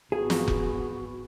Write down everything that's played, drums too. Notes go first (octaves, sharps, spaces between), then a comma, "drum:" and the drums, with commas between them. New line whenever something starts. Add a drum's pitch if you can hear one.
G#1 B3 F#4 G#4
drum: snare
drum: kick F1